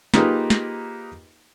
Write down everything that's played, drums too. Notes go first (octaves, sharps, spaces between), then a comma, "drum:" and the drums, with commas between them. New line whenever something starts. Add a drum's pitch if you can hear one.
A#3 D#4 F4 G4 G#4 B4, drum: snare
drum: snare